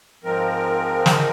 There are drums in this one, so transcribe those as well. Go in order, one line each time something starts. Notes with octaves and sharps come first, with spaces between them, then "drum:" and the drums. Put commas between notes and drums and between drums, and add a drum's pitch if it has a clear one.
G#2 F3 G#3 C4 A#4
drum: snare